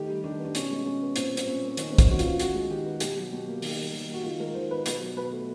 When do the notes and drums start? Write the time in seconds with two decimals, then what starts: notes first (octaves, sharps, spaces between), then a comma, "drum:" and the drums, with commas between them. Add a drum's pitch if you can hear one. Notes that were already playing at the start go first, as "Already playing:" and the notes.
Already playing: D#3 A3 G4
0.09 G3
0.24 D#3 D4
0.39 B3
0.45 D4
0.55 B2 C#4, drum: hi-hat
0.70 G#3
0.85 B2 C#4
1.01 B3
1.16 A#2 C4, drum: hi-hat
1.31 G3
1.37 C4, drum: hi-hat
1.47 A#2 C#4
1.62 A#3
1.68 C4
1.77 D#3 C#4, drum: hi-hat
1.90 G#3 C4
1.98 C#4, drum: kick, hi-hat
2.08 D#3 F#4
2.19 F4, drum: hi-hat
2.25 B3
2.39 D#3 F#4, drum: hi-hat
2.54 G#3
2.70 D#3 G4
2.86 B3
3.00 B2 G4, drum: hi-hat
3.17 F#3
3.32 B2
3.48 A#3
3.62 D#3, drum: open hi-hat
3.78 G3
3.94 D#3
4.08 A#3
4.13 F#4
4.24 D#3 F4
4.39 G#3 A#4
4.54 D#3 C5
4.71 B3 B4
4.86 B2 B4, drum: hi-hat
5.01 F#3
5.16 B2 B4
5.32 A3